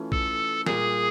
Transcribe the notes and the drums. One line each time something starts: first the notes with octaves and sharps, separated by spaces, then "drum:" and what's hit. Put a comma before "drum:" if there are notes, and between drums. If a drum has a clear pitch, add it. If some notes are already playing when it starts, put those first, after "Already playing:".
Already playing: E3 A3 C#4 F4
A4, drum: kick A#1
A#2 G3 A#3 G#4, drum: snare